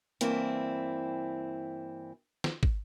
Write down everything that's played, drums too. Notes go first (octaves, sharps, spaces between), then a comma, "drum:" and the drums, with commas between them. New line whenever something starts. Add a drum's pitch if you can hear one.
G2 E3 A#3 C4 E4, drum: hi-hat
drum: snare
drum: kick